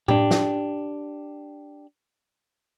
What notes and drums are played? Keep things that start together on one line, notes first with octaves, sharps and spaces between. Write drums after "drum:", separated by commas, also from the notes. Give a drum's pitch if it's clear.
D4 G4, drum: tom A2
drum: snare